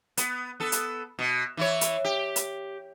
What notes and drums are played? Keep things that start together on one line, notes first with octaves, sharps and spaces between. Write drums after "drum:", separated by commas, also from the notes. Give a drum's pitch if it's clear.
B3, drum: hi-hat
B3 A4
drum: hi-hat
B2
E3 E4 C#5
drum: hi-hat
G4
drum: hi-hat